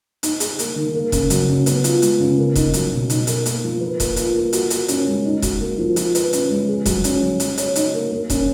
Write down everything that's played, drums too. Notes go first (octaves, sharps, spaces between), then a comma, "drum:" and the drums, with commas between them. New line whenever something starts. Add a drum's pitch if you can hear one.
D#4, drum: hi-hat
G#4, drum: hi-hat
A#3, drum: hi-hat
D#3
A#3
C#3, drum: kick E1, hi-hat
F#3, drum: hi-hat
C#3
B3, drum: hi-hat
F4, drum: hi-hat
G#3, drum: hi-hat
C#3
A#3
D#4, drum: kick E1, hi-hat
F#3, drum: hi-hat
B2
D#4, drum: hi-hat
A#4, drum: hi-hat
A#3, drum: hi-hat
F3
B4
A#3, drum: kick E1, hi-hat
F4, drum: hi-hat
A#3
F#4, drum: hi-hat
A#4, drum: hi-hat
C#4, drum: hi-hat
G#3
D#4
F#4, drum: kick E1, hi-hat
A#3
F3
F4, drum: hi-hat
B4, drum: hi-hat
C#4, drum: hi-hat
G#3
G#4
F#3, drum: kick E1, hi-hat
C#4, drum: hi-hat
F#3
F#4, drum: hi-hat
C#5, drum: hi-hat
D#4, drum: hi-hat
A#3
A#3
C#4, drum: kick E1, hi-hat